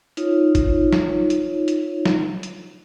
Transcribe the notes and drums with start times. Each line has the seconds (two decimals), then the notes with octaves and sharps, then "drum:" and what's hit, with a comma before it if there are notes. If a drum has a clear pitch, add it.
0.17 D#4 F4 C#5, drum: hi-hat
0.55 drum: kick, hi-hat
0.93 drum: snare
1.30 drum: hi-hat
1.68 drum: hi-hat
2.06 drum: snare
2.43 drum: hi-hat